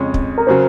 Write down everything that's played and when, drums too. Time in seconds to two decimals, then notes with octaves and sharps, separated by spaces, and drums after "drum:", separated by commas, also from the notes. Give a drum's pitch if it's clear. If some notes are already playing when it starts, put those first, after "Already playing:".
Already playing: F2 C#3 G#3 C#4
0.14 drum: kick
0.38 A#4
0.47 C#3 F#3 C5